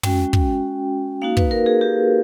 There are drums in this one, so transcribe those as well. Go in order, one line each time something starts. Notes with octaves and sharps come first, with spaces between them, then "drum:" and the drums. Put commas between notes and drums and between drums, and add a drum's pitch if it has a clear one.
G#3 C#4 F#4 G5, drum: tom
drum: kick
A#3 D#4 F#4 F5
B4, drum: kick
A#4
G#4
G4